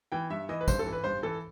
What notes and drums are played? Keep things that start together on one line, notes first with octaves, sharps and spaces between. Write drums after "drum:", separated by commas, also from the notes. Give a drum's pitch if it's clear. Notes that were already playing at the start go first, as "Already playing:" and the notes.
E3 G5
G2 E5
E3 D#5
B4
G2 C5, drum: kick, tambourine
A4
E3
B4
G2 C5
E3 A4